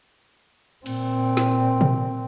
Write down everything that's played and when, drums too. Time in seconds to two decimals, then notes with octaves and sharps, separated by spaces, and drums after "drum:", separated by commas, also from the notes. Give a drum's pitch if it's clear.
0.86 A#2 C4, drum: cymbal
1.37 drum: snare
1.81 drum: tom B2